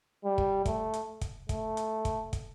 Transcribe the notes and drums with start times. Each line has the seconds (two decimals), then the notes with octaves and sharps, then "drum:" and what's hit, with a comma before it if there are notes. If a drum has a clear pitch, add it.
0.24 G3
0.38 drum: kick
0.66 A3, drum: kick, hi-hat
0.94 drum: hi-hat
1.21 drum: kick, hi-hat
1.49 A3, drum: kick, hi-hat
1.77 drum: hi-hat
2.05 drum: kick, hi-hat
2.33 drum: kick, hi-hat